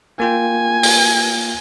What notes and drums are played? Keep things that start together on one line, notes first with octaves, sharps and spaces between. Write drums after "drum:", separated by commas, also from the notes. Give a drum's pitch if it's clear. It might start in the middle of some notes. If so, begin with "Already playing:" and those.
A#3 F4 G5 G#5
drum: open hi-hat